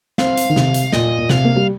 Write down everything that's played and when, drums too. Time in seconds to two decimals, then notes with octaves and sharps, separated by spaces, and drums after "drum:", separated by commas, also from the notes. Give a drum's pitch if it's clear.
0.18 C4 F5, drum: snare
0.37 drum: hi-hat
0.50 D#3
0.56 C3, drum: snare
0.74 drum: hi-hat
0.92 A#2 D#5, drum: snare
1.19 A#2
1.29 C3 F5, drum: snare
1.45 A#3
1.56 G3